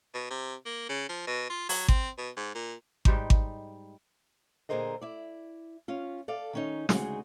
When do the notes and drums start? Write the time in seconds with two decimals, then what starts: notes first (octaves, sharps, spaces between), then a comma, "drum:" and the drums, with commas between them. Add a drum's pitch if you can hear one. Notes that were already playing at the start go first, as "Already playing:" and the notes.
0.14 B2
0.30 C3
0.66 A#3
0.89 C#3
1.09 F3
1.27 B2
1.50 F4
1.69 F#3, drum: open hi-hat
1.88 C4, drum: kick G#1
2.18 B2
2.37 G#2
2.55 A#2
3.05 G#2 G3 G#3 D#4, drum: kick G#1
3.30 drum: kick G#1
4.69 A#2 D3 G#4 A#4 C5 D#5
5.01 E4 D5
5.88 C#4 F4
6.28 A4 D5 F5
6.53 D#3 C#4 D#4
6.89 D2 C#3 G#3 D#4 F#4 G#4, drum: snare